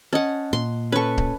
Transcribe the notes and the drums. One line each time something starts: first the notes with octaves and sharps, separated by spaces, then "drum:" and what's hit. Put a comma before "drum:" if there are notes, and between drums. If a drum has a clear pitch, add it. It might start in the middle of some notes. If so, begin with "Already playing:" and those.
C#4 D#5 F#5 A5
A#2 C6
C#4 A4 B4 C#6
drum: kick